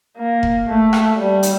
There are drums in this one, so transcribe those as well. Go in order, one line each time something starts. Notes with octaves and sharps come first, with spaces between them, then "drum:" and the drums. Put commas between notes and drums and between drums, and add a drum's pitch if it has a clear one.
A#3
drum: kick F1
A3
drum: rim click
G3
drum: hi-hat